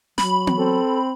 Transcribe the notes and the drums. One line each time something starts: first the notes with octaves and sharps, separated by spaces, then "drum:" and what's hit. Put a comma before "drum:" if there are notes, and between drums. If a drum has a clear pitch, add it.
F#3 B5, drum: snare
drum: tom B3
C4 A4